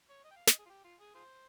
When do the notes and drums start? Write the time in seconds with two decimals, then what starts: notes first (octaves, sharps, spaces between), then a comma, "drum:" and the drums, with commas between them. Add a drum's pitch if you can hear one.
0.10 C#5
0.24 D#5
0.31 G5
0.36 F5
0.47 D#5, drum: snare
0.59 G#4
0.66 F4
0.69 G4
0.84 F4
1.00 G#4
1.15 F4 G#4 C5